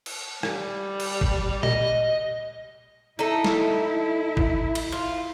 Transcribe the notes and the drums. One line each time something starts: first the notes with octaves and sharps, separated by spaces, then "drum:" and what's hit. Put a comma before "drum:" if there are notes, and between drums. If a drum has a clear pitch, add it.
drum: cymbal
G3, drum: rim click
drum: cymbal
drum: kick
D#5, drum: tom A#2
D#4 E4 A4
drum: snare
drum: kick
drum: cymbal
F4